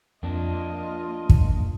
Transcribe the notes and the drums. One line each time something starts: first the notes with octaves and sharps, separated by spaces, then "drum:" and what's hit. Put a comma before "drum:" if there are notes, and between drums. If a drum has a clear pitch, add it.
F2 A#3 D4 F4 D#5
drum: kick